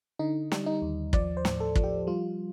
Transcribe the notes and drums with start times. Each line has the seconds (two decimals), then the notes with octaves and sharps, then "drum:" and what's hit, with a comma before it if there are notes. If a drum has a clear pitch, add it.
0.19 D3 D#4
0.52 G3, drum: snare
0.66 D#4
0.82 D#2
1.13 F3 D5, drum: kick
1.37 C5
1.45 A2, drum: snare
1.60 A4
1.75 F3, drum: kick
1.84 G4
2.07 G3 F4